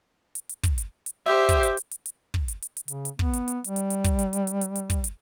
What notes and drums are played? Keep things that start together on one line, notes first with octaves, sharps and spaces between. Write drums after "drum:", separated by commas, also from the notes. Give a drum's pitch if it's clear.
drum: hi-hat
drum: hi-hat
drum: kick, hi-hat
drum: hi-hat
drum: hi-hat
G4 C5 E5
drum: kick, hi-hat
drum: hi-hat
drum: hi-hat
drum: hi-hat
drum: hi-hat
drum: kick
drum: hi-hat
drum: hi-hat
drum: hi-hat
C#3, drum: hi-hat
drum: hi-hat
B3, drum: kick
drum: hi-hat
drum: hi-hat
G3, drum: hi-hat
drum: hi-hat
drum: hi-hat
drum: kick, hi-hat
drum: hi-hat
drum: hi-hat
drum: hi-hat
drum: hi-hat
drum: hi-hat
drum: kick, hi-hat
drum: hi-hat